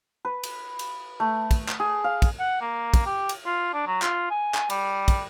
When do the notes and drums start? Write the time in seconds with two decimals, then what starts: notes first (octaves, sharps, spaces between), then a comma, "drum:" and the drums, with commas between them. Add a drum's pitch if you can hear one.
0.25 B4
0.44 drum: cymbal
0.79 drum: cymbal
1.20 A3
1.51 drum: kick, cymbal
1.69 drum: clap
1.80 G#4
2.04 F5
2.22 drum: kick, cymbal
2.40 F#5
2.61 A#3
2.94 drum: kick, cymbal
3.06 G4
3.29 drum: cymbal
3.46 F4
3.73 D4
3.87 F#3
4.02 F4, drum: clap
4.31 G#5
4.54 drum: clap
4.70 G3, drum: cymbal
5.08 drum: kick, cymbal